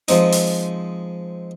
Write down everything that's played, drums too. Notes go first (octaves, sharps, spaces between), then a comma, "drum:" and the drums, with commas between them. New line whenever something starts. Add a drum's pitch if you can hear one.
F3 G#3 C4 D#4, drum: hi-hat
drum: open hi-hat